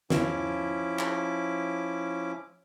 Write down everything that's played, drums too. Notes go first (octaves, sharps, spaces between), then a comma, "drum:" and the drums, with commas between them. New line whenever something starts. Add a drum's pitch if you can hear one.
F3 C#4 E4 D6, drum: snare
drum: clap